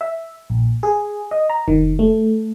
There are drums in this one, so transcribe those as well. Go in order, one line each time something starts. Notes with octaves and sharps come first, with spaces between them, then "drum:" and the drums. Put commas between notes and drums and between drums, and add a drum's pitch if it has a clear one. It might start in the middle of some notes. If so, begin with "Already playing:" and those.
E5
A#1
G#4
D#5
A#5
D#3, drum: kick F1
A3